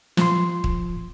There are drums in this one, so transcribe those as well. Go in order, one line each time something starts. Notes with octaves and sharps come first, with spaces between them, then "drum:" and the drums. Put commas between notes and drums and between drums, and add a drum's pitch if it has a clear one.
F3 C6, drum: snare
drum: kick